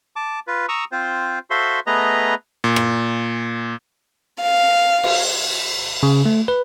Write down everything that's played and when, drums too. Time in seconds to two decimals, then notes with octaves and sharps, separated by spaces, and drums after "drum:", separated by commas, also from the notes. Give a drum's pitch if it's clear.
0.16 A5 D6
0.47 F4 B4
0.69 A#5 C#6 D#6 E6
0.92 C4 F4 C5
1.50 F#4 A4 C5 E5 F5 C6
1.87 A3 B3 G#4 B4 D#5 A#5
2.64 A#2
2.76 drum: rim click
4.43 F5
5.03 drum: cymbal
6.03 C#3
6.26 A3
6.48 B4